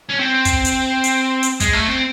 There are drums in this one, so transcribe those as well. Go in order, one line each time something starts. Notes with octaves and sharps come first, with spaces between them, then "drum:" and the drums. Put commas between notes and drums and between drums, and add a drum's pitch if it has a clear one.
C#4
C4
drum: kick, hi-hat
drum: hi-hat
drum: hi-hat
drum: hi-hat
G#3, drum: kick, hi-hat
A3
C4